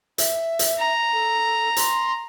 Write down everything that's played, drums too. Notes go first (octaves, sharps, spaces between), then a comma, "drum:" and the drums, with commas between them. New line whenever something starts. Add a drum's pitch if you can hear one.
E5, drum: hi-hat
drum: hi-hat
A#5
A4
C6, drum: hi-hat